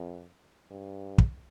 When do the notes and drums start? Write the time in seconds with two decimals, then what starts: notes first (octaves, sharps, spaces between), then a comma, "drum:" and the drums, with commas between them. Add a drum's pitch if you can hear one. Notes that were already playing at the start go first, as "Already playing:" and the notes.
Already playing: F2
0.71 G2
1.18 drum: kick